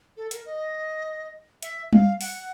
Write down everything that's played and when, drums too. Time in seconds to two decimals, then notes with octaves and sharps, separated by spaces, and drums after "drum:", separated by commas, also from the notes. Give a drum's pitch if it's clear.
0.17 A4
0.31 A#4, drum: hi-hat
0.45 D#5
1.62 E5, drum: hi-hat
1.93 F5, drum: tom G3
2.21 F#5, drum: open hi-hat